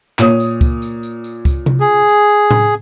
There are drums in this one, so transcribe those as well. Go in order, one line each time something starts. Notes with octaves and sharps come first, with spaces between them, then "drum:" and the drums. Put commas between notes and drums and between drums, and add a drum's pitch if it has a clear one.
A#2 C#5 D#6, drum: clap
drum: tambourine
drum: kick C#2, tambourine
drum: tambourine
drum: tambourine
drum: tambourine
drum: kick C#2, tambourine
drum: tom C3
G#4
drum: tambourine
drum: tambourine
drum: tom A2